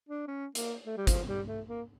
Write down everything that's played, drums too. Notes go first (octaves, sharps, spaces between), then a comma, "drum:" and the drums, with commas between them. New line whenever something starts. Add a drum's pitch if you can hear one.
D4
C#4
A#3, drum: hi-hat
A3
G3
F3, drum: kick, hi-hat
G3
A3
A#3